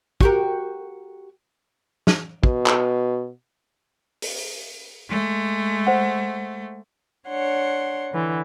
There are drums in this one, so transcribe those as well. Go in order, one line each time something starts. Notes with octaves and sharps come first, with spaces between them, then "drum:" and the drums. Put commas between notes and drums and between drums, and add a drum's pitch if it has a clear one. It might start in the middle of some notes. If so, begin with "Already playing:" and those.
F#4 G4 A#4, drum: kick
drum: snare
B2, drum: kick
drum: clap
drum: open hi-hat
G#3 A3
C5 F#5
D4 C#5 F#5 C6
D3 E3